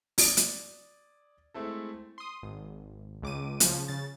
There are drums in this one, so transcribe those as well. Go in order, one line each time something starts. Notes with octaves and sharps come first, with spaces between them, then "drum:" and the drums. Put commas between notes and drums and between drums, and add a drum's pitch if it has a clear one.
D5 D#6 G#6 A6, drum: open hi-hat
drum: hi-hat
G#3 A3 C4 E4 A4
C6 D#6
G#1
C#2 D6 D#7
C#3 F3, drum: hi-hat
C#3 A6